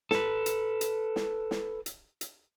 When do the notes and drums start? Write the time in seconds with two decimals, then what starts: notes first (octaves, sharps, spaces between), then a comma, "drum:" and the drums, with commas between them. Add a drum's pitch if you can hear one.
0.11 A4 B4, drum: snare
0.46 drum: hi-hat
0.81 drum: hi-hat
1.16 drum: snare
1.51 drum: snare
1.86 drum: hi-hat
2.21 drum: hi-hat